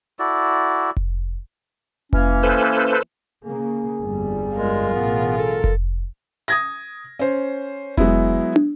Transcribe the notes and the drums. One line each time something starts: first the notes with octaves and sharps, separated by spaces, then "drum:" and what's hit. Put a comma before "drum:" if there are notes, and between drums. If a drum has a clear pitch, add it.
E4 F#4 A4 D5
drum: kick F1
E3 A#3 C#4, drum: kick F1
A4 B4 C5
C#3 A#3 G#4
G1 F2 G3
G#3 F4 A#4
A1 B2 F#3 B3
A4
drum: kick F1
D#6 G#6 A#6
C#4 C5
F#3 G#3 B3 E4, drum: kick F1
drum: tom